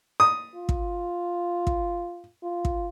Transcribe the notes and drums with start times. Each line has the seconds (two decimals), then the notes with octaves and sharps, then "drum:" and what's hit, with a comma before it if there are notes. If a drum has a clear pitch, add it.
0.20 D#6
0.55 F4
0.69 drum: kick
1.67 drum: kick
2.43 F4
2.65 drum: kick